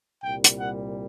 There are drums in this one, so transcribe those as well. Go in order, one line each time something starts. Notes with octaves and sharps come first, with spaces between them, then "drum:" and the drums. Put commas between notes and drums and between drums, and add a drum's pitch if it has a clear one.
C2 A#2 G3 G5
drum: hi-hat
F#5